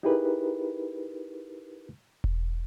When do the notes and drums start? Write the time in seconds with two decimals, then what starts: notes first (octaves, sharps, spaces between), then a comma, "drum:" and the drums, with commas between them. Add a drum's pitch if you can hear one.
0.03 D#4 E4 G4 G#4 A#4 B4
2.24 drum: kick E1